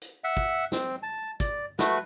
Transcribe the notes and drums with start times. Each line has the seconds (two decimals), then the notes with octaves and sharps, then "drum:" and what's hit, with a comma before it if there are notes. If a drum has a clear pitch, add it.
0.02 drum: hi-hat
0.24 E5 F#5
0.37 drum: kick
0.72 C4, drum: snare
1.03 A5
1.40 D5, drum: kick, hi-hat
1.79 A3 F#4 B4, drum: snare